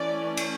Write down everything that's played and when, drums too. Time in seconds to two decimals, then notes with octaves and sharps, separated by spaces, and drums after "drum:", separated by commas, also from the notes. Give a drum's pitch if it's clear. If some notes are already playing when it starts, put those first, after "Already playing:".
Already playing: E3 A3 C#4 D5
0.37 drum: cymbal